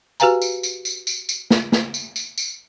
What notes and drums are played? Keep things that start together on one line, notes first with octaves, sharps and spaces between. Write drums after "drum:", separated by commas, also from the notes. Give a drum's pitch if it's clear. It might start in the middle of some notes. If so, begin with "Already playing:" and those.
F#4 G4 B4 F5 G#5 A#5, drum: tambourine
drum: tambourine
drum: tambourine
drum: tambourine
drum: tambourine
drum: tambourine
drum: snare
drum: snare
drum: tambourine
drum: tambourine
drum: tambourine